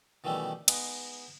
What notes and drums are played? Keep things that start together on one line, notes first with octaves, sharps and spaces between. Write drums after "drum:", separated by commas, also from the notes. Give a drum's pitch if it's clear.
B2 D#3 E3 G3 A3 C#4
G#3 B3 D#4, drum: cymbal